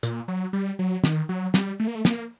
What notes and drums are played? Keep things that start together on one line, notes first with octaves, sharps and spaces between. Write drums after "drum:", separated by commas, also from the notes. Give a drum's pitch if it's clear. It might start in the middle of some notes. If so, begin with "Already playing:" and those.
A#2, drum: hi-hat
F#3
G3
F#3
D#3, drum: snare
F#3
G3, drum: snare
A3
A#3
A3
A#3, drum: snare